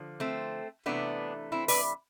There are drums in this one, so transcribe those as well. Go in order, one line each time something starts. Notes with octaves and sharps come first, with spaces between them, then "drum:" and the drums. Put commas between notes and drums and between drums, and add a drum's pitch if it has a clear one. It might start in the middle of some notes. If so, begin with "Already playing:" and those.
Already playing: D3 F3
A3 C4
C3 E3 A3 B3 D4
C4 E4
B4 D5, drum: open hi-hat